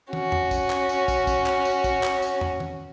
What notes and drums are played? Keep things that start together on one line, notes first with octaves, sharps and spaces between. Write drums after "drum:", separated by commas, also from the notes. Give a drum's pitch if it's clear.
C#4 F#4, drum: tom
drum: tom
drum: kick, tambourine
drum: clap
drum: tambourine
drum: kick, tambourine
drum: kick, tambourine
drum: clap
drum: tambourine
drum: kick, tambourine
drum: clap
drum: tambourine
drum: tom
drum: tom